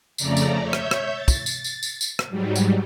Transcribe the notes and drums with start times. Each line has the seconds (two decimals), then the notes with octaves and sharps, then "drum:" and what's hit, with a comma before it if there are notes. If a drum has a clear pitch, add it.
0.18 F2 C#3 A3 D5 A#5, drum: tambourine
0.37 drum: tambourine
0.61 C#5 E5 G6
0.73 drum: rim click
0.91 drum: rim click
1.13 A6
1.28 drum: kick, tambourine
1.46 drum: tambourine
1.64 drum: tambourine
1.83 drum: tambourine
2.01 drum: tambourine
2.19 drum: rim click
2.30 G#2 F#3 G3
2.56 drum: tambourine